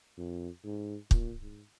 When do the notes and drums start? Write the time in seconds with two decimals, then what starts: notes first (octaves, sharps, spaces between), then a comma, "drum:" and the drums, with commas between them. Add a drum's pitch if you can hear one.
0.17 F2
0.64 G#2
1.11 A#2, drum: kick
1.42 G#2